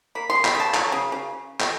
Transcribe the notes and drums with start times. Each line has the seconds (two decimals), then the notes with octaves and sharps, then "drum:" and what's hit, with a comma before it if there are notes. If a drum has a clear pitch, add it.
0.15 A#3 B5
0.30 C6
0.35 C#3
0.45 B5, drum: clap
0.55 C#3 A5
0.74 F#3, drum: clap
0.92 C#3
1.12 C#3
1.60 drum: clap